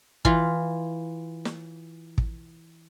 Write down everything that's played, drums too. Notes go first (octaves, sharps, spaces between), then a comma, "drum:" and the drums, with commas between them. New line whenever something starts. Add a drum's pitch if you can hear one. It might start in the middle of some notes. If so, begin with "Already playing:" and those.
E3 F4, drum: kick
drum: snare
drum: kick